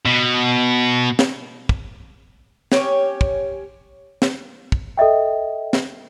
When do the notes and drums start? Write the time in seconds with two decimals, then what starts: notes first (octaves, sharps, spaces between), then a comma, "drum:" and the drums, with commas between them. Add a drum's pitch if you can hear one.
0.06 B2
1.19 drum: snare
1.69 drum: kick
2.72 C#4 G4 C#5, drum: snare
3.21 drum: kick
4.22 drum: snare
4.72 drum: kick
4.97 A4 D#5 E5 G5
5.73 drum: snare